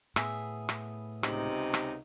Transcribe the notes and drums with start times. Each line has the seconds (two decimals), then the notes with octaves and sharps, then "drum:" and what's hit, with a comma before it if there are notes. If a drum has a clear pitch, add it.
0.16 A2 B3 G#4 E5, drum: rim click
0.69 drum: rim click
1.23 C#2 C3 D#4, drum: rim click
1.74 drum: rim click